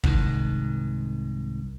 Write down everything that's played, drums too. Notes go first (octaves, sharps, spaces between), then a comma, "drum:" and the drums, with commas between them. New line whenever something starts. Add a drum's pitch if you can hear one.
C2 G#2 D#3, drum: kick